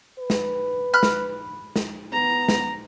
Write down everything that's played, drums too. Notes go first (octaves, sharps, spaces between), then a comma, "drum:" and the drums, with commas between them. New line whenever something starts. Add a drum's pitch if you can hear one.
B4
drum: snare
B5 F6 F#6
drum: snare
drum: snare
B3 A#5
drum: snare